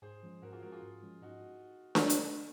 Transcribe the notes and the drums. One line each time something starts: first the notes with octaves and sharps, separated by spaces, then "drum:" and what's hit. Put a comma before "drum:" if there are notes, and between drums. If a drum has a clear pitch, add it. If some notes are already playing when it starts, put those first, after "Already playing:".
G#2 G#4 C5
F3 G#3 C#4
G#2 F#4 A#4
F4 G#4
F3 G#3 C#4 F#4 A#4
F4 G#4
G#2
F3 G#3 C#4
G#2 D#4 F#4
drum: snare D4
drum: hi-hat